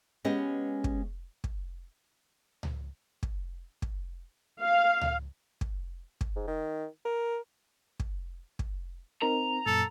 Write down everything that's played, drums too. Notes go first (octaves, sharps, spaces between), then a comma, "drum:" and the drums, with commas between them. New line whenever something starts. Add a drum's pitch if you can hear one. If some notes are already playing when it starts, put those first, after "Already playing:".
G#3 B3 C#4 G4 D#5
drum: kick
drum: kick
drum: tom C#2
drum: kick
drum: kick
F5
drum: tom C#2
drum: kick
drum: kick
G#2
D#3
A#4
drum: kick
drum: kick
C4 D#4 A#4 A#5
F#2 A#2 A4